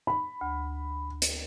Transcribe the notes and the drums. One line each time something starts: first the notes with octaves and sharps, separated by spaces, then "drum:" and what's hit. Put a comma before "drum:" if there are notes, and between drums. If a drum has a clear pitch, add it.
B5
D2
drum: hi-hat